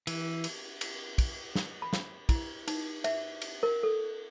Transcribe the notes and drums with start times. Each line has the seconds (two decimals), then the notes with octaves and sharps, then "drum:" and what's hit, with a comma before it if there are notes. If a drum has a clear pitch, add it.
0.07 E3, drum: cymbal
0.44 drum: cymbal
0.81 drum: cymbal
1.18 drum: kick, cymbal
1.55 drum: snare
1.82 B5
1.93 drum: snare
2.29 E4, drum: kick, cymbal
2.68 D#4, drum: cymbal
3.04 E5, drum: cymbal
3.42 drum: cymbal
3.63 A#4
3.83 A4